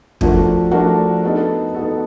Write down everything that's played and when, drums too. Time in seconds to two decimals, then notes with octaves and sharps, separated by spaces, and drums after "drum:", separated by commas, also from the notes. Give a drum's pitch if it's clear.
0.21 F3 A3 D4 F#4 A#4, drum: kick
0.71 F3 A3 D4 F#4 A#4
1.24 B3 D#4 F#4 A4
1.74 B3 D#4 F#4 A4